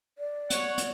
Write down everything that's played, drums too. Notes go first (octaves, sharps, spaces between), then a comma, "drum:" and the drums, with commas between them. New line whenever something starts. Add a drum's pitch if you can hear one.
D5
C#5 F#5, drum: hi-hat
drum: hi-hat